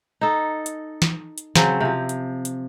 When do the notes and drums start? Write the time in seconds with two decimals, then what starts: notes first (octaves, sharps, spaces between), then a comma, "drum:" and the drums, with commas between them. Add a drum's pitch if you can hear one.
0.21 D#4 A4
0.66 drum: hi-hat
1.02 drum: snare
1.38 drum: hi-hat
1.55 C#3 F#3 C4, drum: snare
1.81 C3 F3
2.09 drum: hi-hat
2.45 drum: hi-hat